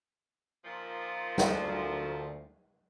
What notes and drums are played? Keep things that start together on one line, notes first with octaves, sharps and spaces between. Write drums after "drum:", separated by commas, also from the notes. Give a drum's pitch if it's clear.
A#2 D#3 F3
D2, drum: snare